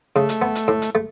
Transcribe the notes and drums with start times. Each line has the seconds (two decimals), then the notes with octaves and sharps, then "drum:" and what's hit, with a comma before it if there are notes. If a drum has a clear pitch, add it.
0.16 C#3 A3
0.29 drum: hi-hat
0.42 B3
0.55 drum: hi-hat
0.68 A2
0.82 drum: hi-hat
0.95 A3